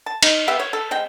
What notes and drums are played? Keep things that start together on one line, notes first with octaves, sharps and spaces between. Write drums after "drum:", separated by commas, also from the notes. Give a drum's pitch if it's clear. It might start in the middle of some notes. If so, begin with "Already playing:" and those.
A5
D#4, drum: cymbal
B3 G4 E5 F5
C#5
A4
G#3 C4 G5